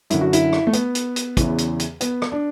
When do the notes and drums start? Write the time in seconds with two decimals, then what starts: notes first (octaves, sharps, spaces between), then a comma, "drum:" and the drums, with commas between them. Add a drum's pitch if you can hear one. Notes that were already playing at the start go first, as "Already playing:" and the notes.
0.10 F#2 D3 E4, drum: hi-hat
0.21 F#4
0.33 E4, drum: hi-hat
0.53 drum: rim click
0.67 A3
0.73 B3, drum: hi-hat
0.95 drum: hi-hat
1.16 drum: hi-hat
1.37 E2 C#3 E3, drum: kick, hi-hat
1.58 drum: hi-hat
1.80 drum: hi-hat
2.01 B3, drum: hi-hat
2.22 drum: rim click
2.32 D4